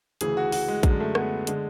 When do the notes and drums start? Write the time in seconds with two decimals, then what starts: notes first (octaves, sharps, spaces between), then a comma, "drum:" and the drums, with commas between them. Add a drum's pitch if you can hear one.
0.21 D2 C#3 E3 G#4, drum: hi-hat
0.37 F#4
0.52 F#4, drum: open hi-hat
0.68 G#3
0.83 F#2 D3 G#3, drum: kick, hi-hat
1.00 A3
1.15 B3, drum: rim click
1.47 D3 G#3, drum: hi-hat